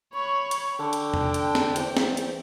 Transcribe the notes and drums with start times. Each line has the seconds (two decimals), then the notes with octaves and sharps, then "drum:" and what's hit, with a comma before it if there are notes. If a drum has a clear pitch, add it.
0.14 C#5 B5 C#6
0.51 drum: hi-hat
0.79 D3 G5 A5
0.93 drum: hi-hat
1.14 drum: tom E2
1.34 drum: hi-hat
1.55 drum: snare
1.76 E2 C5, drum: hi-hat
1.97 drum: snare
2.17 drum: hi-hat